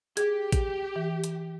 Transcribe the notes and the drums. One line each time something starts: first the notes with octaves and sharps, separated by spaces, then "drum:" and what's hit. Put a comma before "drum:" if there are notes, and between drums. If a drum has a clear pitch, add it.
G4 G#4, drum: hi-hat
drum: kick, hi-hat
E3
drum: hi-hat